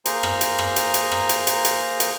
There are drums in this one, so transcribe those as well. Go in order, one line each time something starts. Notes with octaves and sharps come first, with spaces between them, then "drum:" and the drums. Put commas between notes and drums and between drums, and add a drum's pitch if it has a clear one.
A#3 G#4 C5 A#5, drum: hi-hat
drum: rim click
drum: hi-hat
drum: rim click
drum: hi-hat
drum: hi-hat
drum: rim click
drum: hi-hat
drum: hi-hat
drum: hi-hat
drum: hi-hat